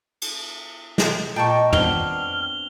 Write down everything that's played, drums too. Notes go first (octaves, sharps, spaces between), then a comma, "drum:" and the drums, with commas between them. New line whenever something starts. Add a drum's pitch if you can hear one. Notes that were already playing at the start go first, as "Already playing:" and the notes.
drum: cymbal
drum: snare
A#2 D#5 G5 A5 C#6
B3 C4 D4 F6 F7 G7, drum: tom